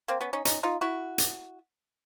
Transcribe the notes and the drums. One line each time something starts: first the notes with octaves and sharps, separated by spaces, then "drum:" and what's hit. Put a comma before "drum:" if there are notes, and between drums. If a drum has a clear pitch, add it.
A#3 C4
B3 C#4
C#4 D#4
C#4 D#4, drum: hi-hat
D#4 F4
E4 F#4
drum: hi-hat